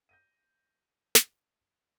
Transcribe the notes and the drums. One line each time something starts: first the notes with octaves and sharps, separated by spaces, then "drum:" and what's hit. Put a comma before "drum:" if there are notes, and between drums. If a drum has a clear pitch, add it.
G6 A#6 D#7
drum: snare